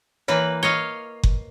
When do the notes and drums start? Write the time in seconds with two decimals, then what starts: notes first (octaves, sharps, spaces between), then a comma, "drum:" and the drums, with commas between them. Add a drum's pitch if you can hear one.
0.28 E3 A#3 B4 C#5
0.63 C#5 D#5 F5 C#7 G7
1.23 drum: kick F#1